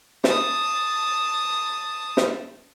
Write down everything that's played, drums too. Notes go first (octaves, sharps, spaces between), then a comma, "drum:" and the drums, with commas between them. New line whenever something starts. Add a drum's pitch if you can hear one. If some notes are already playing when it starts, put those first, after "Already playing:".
A5 D#6, drum: snare
drum: snare